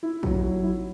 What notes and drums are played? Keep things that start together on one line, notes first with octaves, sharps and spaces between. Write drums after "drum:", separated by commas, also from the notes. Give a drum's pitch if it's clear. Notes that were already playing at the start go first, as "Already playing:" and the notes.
E4
F#3, drum: kick
F#3
E4